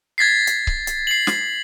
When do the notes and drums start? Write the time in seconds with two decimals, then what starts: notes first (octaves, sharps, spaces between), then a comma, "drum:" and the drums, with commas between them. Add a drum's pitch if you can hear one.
0.18 G#6 A6 B6 C7
0.47 drum: hi-hat
0.67 drum: kick C#1
0.87 drum: hi-hat
1.07 C7 F#7
1.27 drum: snare